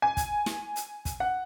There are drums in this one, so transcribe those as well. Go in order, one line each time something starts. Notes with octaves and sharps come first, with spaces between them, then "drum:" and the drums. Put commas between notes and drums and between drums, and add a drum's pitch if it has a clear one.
G#5
drum: kick, hi-hat
drum: snare
drum: hi-hat
drum: kick, hi-hat
F#5